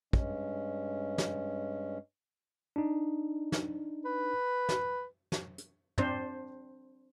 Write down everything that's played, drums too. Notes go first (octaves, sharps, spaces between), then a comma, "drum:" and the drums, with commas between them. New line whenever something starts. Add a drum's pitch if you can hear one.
G2 G#3 C#4, drum: kick
drum: snare
D4 D#4
drum: snare
B4
drum: snare
drum: snare
drum: hi-hat
C4 D4 C5, drum: tom